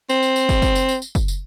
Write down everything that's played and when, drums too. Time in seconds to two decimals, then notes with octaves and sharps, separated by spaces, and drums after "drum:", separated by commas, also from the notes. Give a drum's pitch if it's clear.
0.09 C4, drum: tambourine
0.23 drum: tambourine
0.36 drum: tambourine
0.49 drum: kick, tambourine
0.62 drum: kick, tambourine
0.75 drum: tambourine
0.89 drum: tambourine
1.02 drum: tambourine
1.15 drum: kick, tambourine
1.28 drum: tambourine